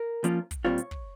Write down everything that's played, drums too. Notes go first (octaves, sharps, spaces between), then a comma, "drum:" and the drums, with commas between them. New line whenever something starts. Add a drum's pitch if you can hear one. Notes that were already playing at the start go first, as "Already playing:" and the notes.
Already playing: A#4
F3 A#3 C#4 F4, drum: hi-hat
drum: kick, hi-hat
A#2 G3 C4 F4 C#5
drum: hi-hat
drum: kick